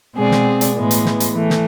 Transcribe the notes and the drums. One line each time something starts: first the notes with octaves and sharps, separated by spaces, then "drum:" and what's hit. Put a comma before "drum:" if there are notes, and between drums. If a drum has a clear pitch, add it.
B2 G#3 C4 G#4 D5
drum: snare
drum: hi-hat
A2 E3 G#3 B3
drum: hi-hat
drum: snare
drum: hi-hat
E3 A3
drum: snare